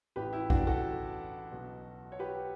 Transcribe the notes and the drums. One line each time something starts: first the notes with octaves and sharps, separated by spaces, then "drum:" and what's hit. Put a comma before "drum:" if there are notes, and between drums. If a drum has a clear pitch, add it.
A1 A2 E3 G4 B4
E4 G4
D4 F#4, drum: kick A1
F#4 A4
B1 B2
C#5
G4 B4